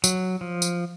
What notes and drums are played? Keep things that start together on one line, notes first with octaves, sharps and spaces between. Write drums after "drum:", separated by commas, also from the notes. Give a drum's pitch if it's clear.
F#3, drum: tambourine
F3
drum: tambourine